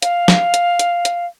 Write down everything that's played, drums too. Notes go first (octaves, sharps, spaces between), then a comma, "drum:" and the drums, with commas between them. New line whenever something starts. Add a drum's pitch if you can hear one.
F5, drum: hi-hat
drum: snare
drum: hi-hat
drum: hi-hat
drum: hi-hat